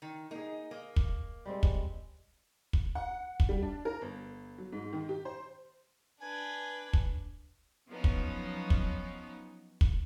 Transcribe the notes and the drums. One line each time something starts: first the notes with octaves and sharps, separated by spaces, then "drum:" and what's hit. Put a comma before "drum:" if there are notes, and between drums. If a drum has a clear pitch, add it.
D#3
A#3 D#4 G#4
A#3 D#5
drum: kick
G3 G#3 C4
drum: kick
drum: kick
F#5
drum: kick
G3
D4
A#4
G1
F#3
G#2
D#3
G4
C5
D4 B4 G#5
drum: kick
F3 F#3 B3 C#4 D#4
drum: kick
drum: kick
drum: kick